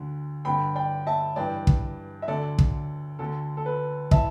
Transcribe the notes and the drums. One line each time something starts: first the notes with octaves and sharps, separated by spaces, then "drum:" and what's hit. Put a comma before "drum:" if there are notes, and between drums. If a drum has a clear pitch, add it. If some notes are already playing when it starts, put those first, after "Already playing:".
Already playing: D2 D3
G2 D3 G5 B5
D5 G5
E5 A5
G2 E3 D5 G5
drum: kick
E5
D2 D3 A4 D5
drum: kick
D2 D3 A4
A4
B4
E3 E5 A5, drum: kick